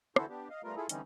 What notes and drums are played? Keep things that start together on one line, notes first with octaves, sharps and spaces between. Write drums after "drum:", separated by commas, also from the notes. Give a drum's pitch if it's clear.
D3 E3 E4 F#4 A4 C5, drum: rim click
B3 D4 G4
D#5 F5
G3 A3 B3 F4 A#4
E4 F4 G#4 A4
D3 E3 G3 C4 C#4 D#4, drum: hi-hat